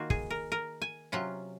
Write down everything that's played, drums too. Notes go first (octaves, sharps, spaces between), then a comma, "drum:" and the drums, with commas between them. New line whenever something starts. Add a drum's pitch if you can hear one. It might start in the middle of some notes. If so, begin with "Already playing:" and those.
Already playing: D#3 A#3 F4 F#4
G#4, drum: kick
A#4
A#4
G#5
C3 F#3 C#4 F4 F#5